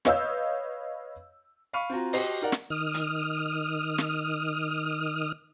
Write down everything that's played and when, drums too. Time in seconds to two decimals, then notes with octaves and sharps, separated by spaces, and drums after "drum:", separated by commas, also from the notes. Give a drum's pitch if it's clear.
0.05 B4 C#5 D#5 F5 E6 G6, drum: snare
1.73 F5 B5 C#6 F6 D#7
1.90 C4 F4 F#4 A#5
2.13 F#4 G4 C5 D#5, drum: open hi-hat
2.42 D#4 A#4 D5 F#5
2.52 drum: snare
2.70 D#3 D#6 F6
2.94 drum: hi-hat
3.98 drum: snare